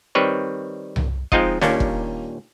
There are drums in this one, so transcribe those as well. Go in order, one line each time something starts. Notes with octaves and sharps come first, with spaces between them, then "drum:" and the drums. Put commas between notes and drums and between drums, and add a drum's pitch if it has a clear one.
D#3 G3 C4 B4 C#5
drum: tom C2
F3 G#3 C4 D#4 F4 D#5, drum: kick F1
D#2 A#2 G3 A#3 C#4 D4, drum: snare C#4
drum: kick F1